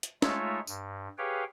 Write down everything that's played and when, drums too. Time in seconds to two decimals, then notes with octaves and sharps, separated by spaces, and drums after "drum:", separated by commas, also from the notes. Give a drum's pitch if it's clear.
0.03 drum: hi-hat
0.22 G#3 A3 D#4 F4 C#5 E5, drum: snare
0.67 G2, drum: tambourine
1.18 G4 G#4 B4 C#5 F5 G5